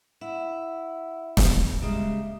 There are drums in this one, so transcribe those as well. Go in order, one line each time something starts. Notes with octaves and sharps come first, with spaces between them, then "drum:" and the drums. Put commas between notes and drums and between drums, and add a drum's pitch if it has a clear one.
E4 E5 F#5 E6
D#1, drum: snare
C#3 G3 G#3 A#3 E5 D#6